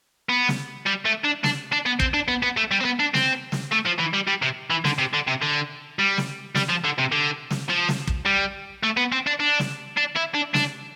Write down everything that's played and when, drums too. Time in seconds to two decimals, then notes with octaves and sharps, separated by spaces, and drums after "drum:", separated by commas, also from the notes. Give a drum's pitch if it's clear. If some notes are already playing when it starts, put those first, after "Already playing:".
0.29 B3
0.48 drum: snare
0.86 G3
1.05 A3
1.24 D4
1.44 D4, drum: snare
1.72 D4
1.86 B3
2.00 C4, drum: kick
2.14 D4
2.28 B3
2.43 B3
2.57 A3
2.71 G3
2.81 C4
2.85 B3
3.00 D4
3.15 C4, drum: snare
3.52 drum: snare
3.72 A3
3.85 F3
3.99 E3
4.13 G3
4.27 G3
4.42 C3
4.70 E3
4.85 D3, drum: snare
4.99 C3
5.14 D3
5.28 C3
5.42 D3
5.99 G3
6.18 drum: snare
6.55 G3, drum: snare
6.69 F3
6.84 D3
6.99 C3
7.12 D3
7.51 drum: snare
7.70 F3
7.88 drum: snare
8.07 drum: kick
8.26 G3
8.83 A3
8.97 B3
9.12 C4
9.27 D4
9.40 D4
9.59 drum: snare
9.97 D4
10.16 E4
10.35 D4
10.54 D4, drum: snare